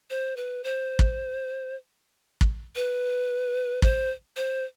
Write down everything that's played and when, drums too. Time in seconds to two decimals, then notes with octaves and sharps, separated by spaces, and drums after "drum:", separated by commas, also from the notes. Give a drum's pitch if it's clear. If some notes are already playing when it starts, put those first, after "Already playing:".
0.10 C5
0.37 B4
0.64 C5
0.99 drum: kick
2.41 drum: kick
2.76 B4
3.82 C5, drum: kick
4.36 C5